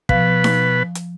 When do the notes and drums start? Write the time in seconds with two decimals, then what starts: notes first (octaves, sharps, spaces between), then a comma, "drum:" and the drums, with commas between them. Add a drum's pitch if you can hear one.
0.09 B2 F3 B4 F5, drum: kick
0.44 drum: snare D#4
0.95 drum: hi-hat